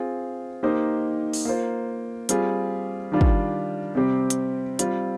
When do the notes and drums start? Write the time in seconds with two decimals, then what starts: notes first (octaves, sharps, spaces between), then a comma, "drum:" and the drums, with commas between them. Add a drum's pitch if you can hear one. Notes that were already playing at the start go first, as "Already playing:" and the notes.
Already playing: C4 F4 G#4
0.63 A#3 D#4 G4 C5 D#5
1.33 drum: open hi-hat
1.45 A#3 F4 C5
2.29 G3 C4 F4 G#4, drum: hi-hat
3.12 D#3 G3 D4 F4
3.21 drum: kick
3.95 C3 G3 C4 G4 C5
4.30 drum: hi-hat
4.79 G3 C4 F4, drum: hi-hat